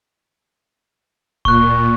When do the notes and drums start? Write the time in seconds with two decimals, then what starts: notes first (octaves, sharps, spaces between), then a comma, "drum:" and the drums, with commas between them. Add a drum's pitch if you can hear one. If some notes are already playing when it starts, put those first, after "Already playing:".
1.45 A#2 C#6 F#6, drum: kick D1